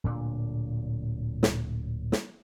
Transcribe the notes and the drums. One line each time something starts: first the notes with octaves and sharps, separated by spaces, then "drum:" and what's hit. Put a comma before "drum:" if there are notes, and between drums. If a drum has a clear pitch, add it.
D1 A#2 D4
drum: snare
drum: snare